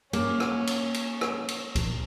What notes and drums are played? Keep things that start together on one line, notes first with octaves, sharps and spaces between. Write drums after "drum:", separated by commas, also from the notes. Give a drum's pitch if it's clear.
A#3 C#4, drum: cymbal
drum: rim click
drum: cymbal
drum: cymbal
drum: rim click
drum: cymbal
drum: kick C#2, cymbal